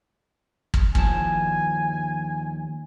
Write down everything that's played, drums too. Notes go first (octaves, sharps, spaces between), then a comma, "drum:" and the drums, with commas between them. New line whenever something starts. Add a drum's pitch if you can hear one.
drum: kick
D#2 F3 G#5 A5, drum: kick